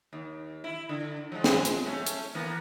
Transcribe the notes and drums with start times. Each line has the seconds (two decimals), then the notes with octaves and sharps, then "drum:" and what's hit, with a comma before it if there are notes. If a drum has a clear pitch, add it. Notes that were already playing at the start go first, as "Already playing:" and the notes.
0.13 D#2
0.64 E4
0.89 D3
1.32 F3 G#3
1.44 drum: snare
1.65 drum: hi-hat
1.86 A3 C#4
2.07 drum: hi-hat
2.35 E3 A#3 B3